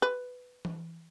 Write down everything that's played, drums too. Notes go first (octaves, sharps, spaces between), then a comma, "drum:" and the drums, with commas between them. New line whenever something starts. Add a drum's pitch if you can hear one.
B4
drum: tom E3